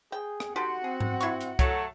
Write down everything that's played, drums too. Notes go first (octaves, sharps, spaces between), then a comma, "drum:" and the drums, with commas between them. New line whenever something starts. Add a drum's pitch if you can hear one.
G#4 G5
drum: rim click
D#4 F#4 G4 A4 F#5 C6
C4 G#4
drum: tom G#2
E4 C#6, drum: hi-hat
drum: hi-hat
F#3 A3, drum: kick C2, hi-hat